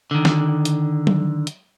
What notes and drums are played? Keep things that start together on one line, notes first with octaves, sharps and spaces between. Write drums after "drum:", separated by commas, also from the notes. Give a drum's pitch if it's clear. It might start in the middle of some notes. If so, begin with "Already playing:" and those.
D3 D#3
drum: snare
drum: hi-hat
drum: tom F#3
drum: hi-hat